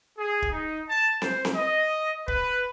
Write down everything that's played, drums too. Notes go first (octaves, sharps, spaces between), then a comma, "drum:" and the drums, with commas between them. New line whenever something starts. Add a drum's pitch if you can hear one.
G#4
drum: kick
D#4
A5
C5, drum: snare C4
drum: snare C4
D#5
B4, drum: kick